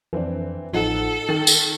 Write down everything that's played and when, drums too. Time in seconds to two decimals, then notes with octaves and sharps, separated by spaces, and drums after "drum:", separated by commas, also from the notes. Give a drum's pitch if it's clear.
0.13 F2 E3 C4 D4
0.73 A1 F3 D#4 A4 F#5
1.29 D#3 A6
1.47 drum: tambourine